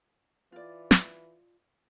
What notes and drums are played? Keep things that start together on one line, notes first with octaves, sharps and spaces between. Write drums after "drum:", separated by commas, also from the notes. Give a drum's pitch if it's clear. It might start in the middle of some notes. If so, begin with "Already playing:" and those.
E3 F4 D5
drum: snare